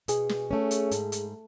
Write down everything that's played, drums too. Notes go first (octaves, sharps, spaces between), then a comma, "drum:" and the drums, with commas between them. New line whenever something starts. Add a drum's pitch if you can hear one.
B2 G#4, drum: hi-hat
drum: snare
A3 C#4
drum: hi-hat
G#2, drum: hi-hat
drum: hi-hat